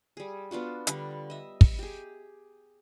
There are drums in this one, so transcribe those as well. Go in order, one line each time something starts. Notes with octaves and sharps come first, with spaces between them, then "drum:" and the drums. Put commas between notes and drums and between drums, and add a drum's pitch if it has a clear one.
G3 G#4
B3 D4 F4 F#4
D3 G3 D4, drum: hi-hat
D#5 E5
drum: kick
G4 G#4